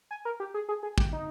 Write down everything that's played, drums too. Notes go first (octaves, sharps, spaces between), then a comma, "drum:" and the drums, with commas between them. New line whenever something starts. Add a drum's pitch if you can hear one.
G#5
A#4
G4
G#4
G#4
G#4
G4, drum: kick
D#4